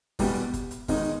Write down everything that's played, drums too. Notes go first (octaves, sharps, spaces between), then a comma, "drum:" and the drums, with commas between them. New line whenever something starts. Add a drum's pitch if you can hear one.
E2 B2 G3 B3 G4, drum: kick, open hi-hat
drum: kick, hi-hat
drum: hi-hat
E2 D#3 G#3 D#4, drum: kick, open hi-hat